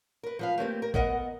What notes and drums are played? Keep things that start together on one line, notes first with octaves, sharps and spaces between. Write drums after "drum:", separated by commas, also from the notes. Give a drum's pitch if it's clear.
A#4 B4
F3 B4 F5
A3 A#3 C4 G4
A#4
B3 A#4 D#5 F#5, drum: kick A1